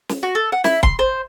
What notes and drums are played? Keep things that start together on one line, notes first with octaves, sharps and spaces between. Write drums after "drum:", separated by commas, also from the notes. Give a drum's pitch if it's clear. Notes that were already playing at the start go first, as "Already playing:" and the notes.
drum: snare
F#4
A4
F#5
E4, drum: snare
C6, drum: kick
C5